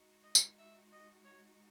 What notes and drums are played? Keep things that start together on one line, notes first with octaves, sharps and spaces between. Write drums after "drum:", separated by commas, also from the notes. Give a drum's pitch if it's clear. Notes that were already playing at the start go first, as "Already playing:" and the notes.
Already playing: G#3 D#4 F#4
D#5
drum: tambourine
E5
D#5
C#5